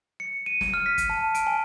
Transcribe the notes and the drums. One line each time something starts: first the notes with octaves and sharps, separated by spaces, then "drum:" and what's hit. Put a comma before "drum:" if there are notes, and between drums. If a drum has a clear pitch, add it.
C#7
D#7
drum: snare
F6
B6
drum: kick, hi-hat
A5
D7, drum: hi-hat
G#5